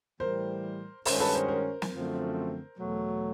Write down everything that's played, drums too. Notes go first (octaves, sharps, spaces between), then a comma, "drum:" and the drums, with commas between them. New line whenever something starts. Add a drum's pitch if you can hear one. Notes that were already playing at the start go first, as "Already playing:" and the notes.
A2 E3 G3 A#4 C5
G2 D#3 G#3 C#4 F#4 A#4 C5, drum: open hi-hat
A4 B4
A#4 C5
A#4 C5
drum: snare
F#2 D3 F3 A3 C4
E2 B2 F#3 A3